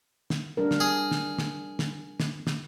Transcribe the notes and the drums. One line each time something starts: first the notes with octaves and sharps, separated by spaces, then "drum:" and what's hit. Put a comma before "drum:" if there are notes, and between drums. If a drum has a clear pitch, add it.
drum: snare
G3 D4 A#4
drum: snare
G#4
drum: snare
drum: snare
drum: snare
drum: snare
drum: snare